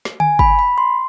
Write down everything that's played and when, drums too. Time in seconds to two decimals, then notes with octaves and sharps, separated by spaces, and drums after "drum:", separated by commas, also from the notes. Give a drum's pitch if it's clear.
0.05 drum: snare
0.20 G#5, drum: tom D3
0.39 B5, drum: kick
0.59 B5
0.78 C6